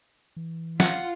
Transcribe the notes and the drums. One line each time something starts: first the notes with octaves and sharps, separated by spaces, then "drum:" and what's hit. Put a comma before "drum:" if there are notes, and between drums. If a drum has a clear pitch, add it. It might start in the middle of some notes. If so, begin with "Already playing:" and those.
E3
F4 F#5, drum: snare